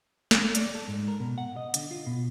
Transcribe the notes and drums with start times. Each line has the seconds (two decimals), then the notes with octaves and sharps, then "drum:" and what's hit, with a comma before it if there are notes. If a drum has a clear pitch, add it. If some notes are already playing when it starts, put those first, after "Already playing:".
0.31 drum: snare
0.55 D5, drum: hi-hat
0.75 A4
0.88 G#2
1.08 A#4
1.20 B2
1.38 F#5
1.56 D#5
1.74 D3, drum: hi-hat
1.91 F4
2.07 B2